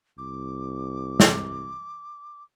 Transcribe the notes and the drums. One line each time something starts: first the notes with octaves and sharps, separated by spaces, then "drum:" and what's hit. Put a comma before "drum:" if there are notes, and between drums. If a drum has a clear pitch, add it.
C2 D6
drum: snare